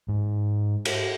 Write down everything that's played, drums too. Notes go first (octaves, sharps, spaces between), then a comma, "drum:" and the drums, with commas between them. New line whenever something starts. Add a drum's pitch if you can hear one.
G#2
drum: cymbal